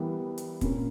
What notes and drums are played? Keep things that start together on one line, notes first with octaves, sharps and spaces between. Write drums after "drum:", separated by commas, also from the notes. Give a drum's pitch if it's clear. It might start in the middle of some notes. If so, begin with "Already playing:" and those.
Already playing: E3 G3 B3 G4 A#4
drum: hi-hat
A#2 A#3 C#4, drum: kick, hi-hat